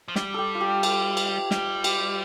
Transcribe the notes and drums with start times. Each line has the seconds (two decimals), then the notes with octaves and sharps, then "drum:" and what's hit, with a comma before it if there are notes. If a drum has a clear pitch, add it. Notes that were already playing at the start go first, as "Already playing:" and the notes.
0.08 F3
0.16 G3 G4, drum: snare
0.34 G4 A4
0.55 F4
0.61 G4
0.83 A4, drum: cymbal
1.17 drum: cymbal
1.28 G4
1.51 G3, drum: snare
1.84 G4, drum: cymbal